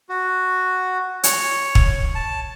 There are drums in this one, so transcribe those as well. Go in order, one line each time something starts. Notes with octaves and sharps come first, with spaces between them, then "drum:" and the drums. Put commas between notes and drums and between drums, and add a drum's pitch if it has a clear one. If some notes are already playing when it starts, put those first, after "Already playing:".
F#4
C#5, drum: hi-hat
drum: kick
A5